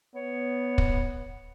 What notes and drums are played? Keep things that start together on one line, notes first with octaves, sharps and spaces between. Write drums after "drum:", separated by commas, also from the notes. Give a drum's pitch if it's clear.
B3 C#5
drum: kick